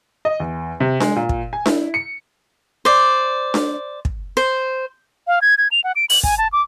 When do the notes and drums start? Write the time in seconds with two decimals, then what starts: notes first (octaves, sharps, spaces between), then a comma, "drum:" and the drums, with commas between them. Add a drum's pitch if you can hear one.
0.25 D#5
0.40 E2
0.80 C3
1.00 G#3, drum: snare D4
1.16 A#2
1.29 drum: kick
1.53 G#5
1.66 E4, drum: snare D4
1.94 C#7
2.85 C5 D5
3.54 drum: snare D4
4.05 drum: kick
4.37 C5
5.27 F5
5.42 G#6
5.58 G#6
5.71 F7
5.84 F#5
5.96 D7
6.10 F#7, drum: open hi-hat
6.24 G#5, drum: kick
6.38 A5
6.53 D6